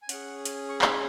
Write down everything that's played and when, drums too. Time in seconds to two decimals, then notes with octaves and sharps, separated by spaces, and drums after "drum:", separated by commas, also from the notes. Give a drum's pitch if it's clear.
0.02 G#5
0.09 C#4 G#4 F#5, drum: hi-hat
0.45 G#5, drum: hi-hat
0.69 C#6
0.82 B5, drum: clap